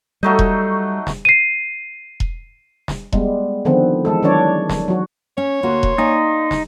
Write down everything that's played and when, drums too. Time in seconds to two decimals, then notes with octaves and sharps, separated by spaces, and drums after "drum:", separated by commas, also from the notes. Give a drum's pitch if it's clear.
0.23 F#3 G3 A3 D#4
0.39 drum: kick E1
1.07 drum: snare
1.25 C7 D#7
2.20 drum: kick E1
2.88 drum: snare
3.13 G3 G#3 B3, drum: kick E1
3.65 D3 D#3 F3 B3 C4
4.05 E3 G#3 A4
4.23 D#3 F#3 C#4 D4 C#5 D5
4.70 drum: snare
4.88 F#3 F#4
5.38 C#4 C#5
5.63 D2 A#3 F#4 C6
5.83 drum: kick E1
5.98 A#3 D#4 D5 G#5
6.51 drum: snare